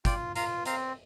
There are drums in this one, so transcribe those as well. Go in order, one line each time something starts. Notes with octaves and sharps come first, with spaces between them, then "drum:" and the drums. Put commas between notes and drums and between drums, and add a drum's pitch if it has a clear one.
F4 D5 G5, drum: kick G1, hi-hat
F4 F5 A#5, drum: hi-hat
C4 F5 A#5, drum: hi-hat